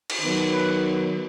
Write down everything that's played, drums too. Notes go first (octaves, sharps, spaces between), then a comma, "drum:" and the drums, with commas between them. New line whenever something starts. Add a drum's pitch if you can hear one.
drum: cymbal
D#3 F#3 B3
B4